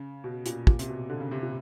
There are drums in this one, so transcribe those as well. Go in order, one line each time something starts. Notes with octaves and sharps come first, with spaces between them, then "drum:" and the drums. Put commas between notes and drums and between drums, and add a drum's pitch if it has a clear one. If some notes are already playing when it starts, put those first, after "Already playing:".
Already playing: C#3
B2
A#2, drum: hi-hat
A#2, drum: kick
C3, drum: hi-hat
B2
D3
C#3
C3
A#2